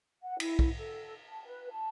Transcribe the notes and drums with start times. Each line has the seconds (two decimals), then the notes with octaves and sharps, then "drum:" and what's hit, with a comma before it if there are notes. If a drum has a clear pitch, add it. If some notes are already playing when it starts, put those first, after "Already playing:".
0.21 F#5
0.40 E4, drum: cymbal
0.59 drum: kick B1
0.77 A4
1.29 A5
1.46 B4
1.71 A5